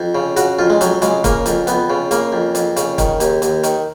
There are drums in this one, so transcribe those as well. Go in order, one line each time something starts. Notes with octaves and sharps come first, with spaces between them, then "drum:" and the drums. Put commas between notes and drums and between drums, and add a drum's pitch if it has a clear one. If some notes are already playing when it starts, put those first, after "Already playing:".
Already playing: F2
C#3
C#3 F#4, drum: hi-hat
F2 F4
G#3
F2 F#3, drum: hi-hat
C#3 G#3, drum: hi-hat
C#3 A#3, drum: kick, hi-hat
F2, drum: hi-hat
F2 B3, drum: hi-hat
C#3
C#3 A#3, drum: hi-hat
F2
F2, drum: hi-hat
C#3, drum: hi-hat
D#3, drum: kick, hi-hat
D#2, drum: hi-hat
D#2, drum: hi-hat
D#3, drum: hi-hat